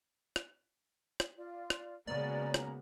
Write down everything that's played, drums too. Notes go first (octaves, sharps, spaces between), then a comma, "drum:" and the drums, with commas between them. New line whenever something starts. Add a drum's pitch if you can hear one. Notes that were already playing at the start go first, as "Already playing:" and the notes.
drum: rim click
drum: rim click
F4 D5
drum: rim click
C#3 G#3 A#3 B3 C#4 F#4 D5 A#5
drum: rim click